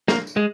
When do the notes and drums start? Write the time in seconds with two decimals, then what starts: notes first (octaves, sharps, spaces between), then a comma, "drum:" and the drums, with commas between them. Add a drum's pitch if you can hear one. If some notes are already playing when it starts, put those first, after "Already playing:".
0.08 A#3, drum: snare
0.27 drum: tambourine
0.36 G#3